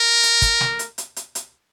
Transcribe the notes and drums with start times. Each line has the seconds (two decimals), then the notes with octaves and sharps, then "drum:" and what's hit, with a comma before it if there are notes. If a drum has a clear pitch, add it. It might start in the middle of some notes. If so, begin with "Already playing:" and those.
Already playing: A#4
0.23 drum: hi-hat
0.42 drum: kick, hi-hat
0.60 drum: snare
0.79 drum: hi-hat
0.98 drum: hi-hat
1.16 drum: hi-hat
1.35 drum: hi-hat